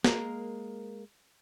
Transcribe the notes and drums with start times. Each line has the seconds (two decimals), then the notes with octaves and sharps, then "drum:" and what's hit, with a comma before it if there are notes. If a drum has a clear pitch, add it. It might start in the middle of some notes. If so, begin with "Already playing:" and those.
0.04 G#3 A#3 A#4, drum: snare